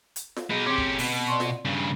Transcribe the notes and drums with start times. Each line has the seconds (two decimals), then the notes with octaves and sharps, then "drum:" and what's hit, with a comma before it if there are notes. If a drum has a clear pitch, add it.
0.16 drum: hi-hat
0.36 drum: snare F4
0.50 B2 D#4 G#4
0.66 C4 C#4 G4 D6
0.78 drum: kick
0.99 B2, drum: open hi-hat
1.27 D5 C6 C#6
1.40 drum: snare F4
1.65 G2 C#3